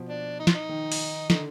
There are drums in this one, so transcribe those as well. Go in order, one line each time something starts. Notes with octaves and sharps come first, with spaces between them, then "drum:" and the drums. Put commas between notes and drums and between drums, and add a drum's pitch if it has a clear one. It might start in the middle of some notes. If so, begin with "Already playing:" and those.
Already playing: B2 F3
D4
D#4
F4, drum: snare
D#4
D#3
drum: open hi-hat
D3 D#4, drum: snare